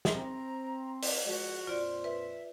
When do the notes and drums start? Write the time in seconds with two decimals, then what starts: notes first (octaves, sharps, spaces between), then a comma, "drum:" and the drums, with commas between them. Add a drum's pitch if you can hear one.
0.05 drum: snare
0.16 C4 A#5
1.02 drum: open hi-hat
1.26 F3 G#3 F#4
1.67 F2 A#2 F4 C5 D5
2.04 B4 E5